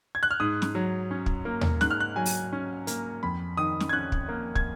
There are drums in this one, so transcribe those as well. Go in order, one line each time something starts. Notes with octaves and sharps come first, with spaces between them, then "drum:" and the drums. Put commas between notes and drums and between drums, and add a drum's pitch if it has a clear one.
G#6
F#6
F6
G#2 D#6
drum: snare
F#3
C#4
drum: kick
A#3
drum: tom D#2
G#2 F#6, drum: snare
F6
F#6
F#3 G#5
drum: open hi-hat
C#4
A#3, drum: hi-hat
F2 B5
D#3 D#6
drum: snare
G#6
C#4 F#6
drum: kick
A#3
G#6, drum: kick